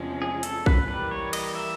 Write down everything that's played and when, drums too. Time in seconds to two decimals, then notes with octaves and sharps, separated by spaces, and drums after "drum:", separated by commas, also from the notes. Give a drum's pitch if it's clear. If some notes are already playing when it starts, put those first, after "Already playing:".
Already playing: E2 C3 F3 G#3 C#4
0.22 G#4
0.43 A4, drum: hi-hat
0.66 B4, drum: kick
0.88 E3 G3 A#3 B4
1.11 C#5
1.33 D#5, drum: cymbal
1.55 E5